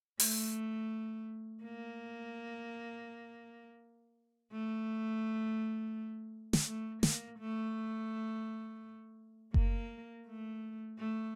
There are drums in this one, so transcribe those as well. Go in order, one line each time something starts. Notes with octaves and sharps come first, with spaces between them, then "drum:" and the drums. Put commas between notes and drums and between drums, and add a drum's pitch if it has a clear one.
A3, drum: open hi-hat
A#3
A3
drum: snare
A3
A#3, drum: snare
A3
A#3, drum: kick F#1
A3
A3